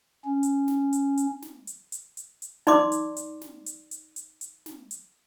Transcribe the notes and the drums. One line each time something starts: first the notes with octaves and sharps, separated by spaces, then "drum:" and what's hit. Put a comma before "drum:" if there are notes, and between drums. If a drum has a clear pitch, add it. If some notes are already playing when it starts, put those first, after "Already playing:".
C#4
drum: hi-hat
drum: snare
drum: hi-hat
drum: hi-hat
drum: snare
drum: hi-hat
drum: hi-hat
drum: hi-hat
drum: hi-hat
D#4 D5 C6 D6, drum: snare
drum: hi-hat
drum: hi-hat
drum: snare
drum: hi-hat
drum: hi-hat
drum: hi-hat
drum: hi-hat
drum: snare
drum: hi-hat